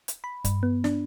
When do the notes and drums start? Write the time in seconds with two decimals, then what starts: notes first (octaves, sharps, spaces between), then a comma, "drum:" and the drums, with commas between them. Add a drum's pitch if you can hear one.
0.08 drum: hi-hat
0.24 B5
0.45 G2, drum: kick C#1, hi-hat
0.63 B3
0.84 D4, drum: snare